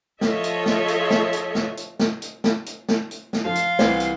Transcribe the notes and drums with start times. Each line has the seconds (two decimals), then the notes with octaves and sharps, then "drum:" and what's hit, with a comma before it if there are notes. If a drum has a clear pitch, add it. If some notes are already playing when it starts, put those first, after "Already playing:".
0.21 F3 F4 A4 C#5 D#5 E5, drum: snare
0.44 drum: hi-hat
0.66 drum: snare
0.88 drum: hi-hat
1.10 drum: snare
1.33 drum: hi-hat
1.55 drum: snare
1.77 drum: hi-hat
1.99 drum: snare
2.22 drum: hi-hat
2.44 drum: snare
2.66 drum: hi-hat
2.89 drum: snare
3.11 drum: hi-hat
3.33 drum: snare
3.45 F3 F4 F5
3.55 drum: hi-hat
3.79 C2 E3 C5, drum: snare
4.00 drum: hi-hat